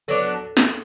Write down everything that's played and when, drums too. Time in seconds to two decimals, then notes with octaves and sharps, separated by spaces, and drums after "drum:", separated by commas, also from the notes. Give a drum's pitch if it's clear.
0.08 F#3 B3 D4 A4
0.57 drum: snare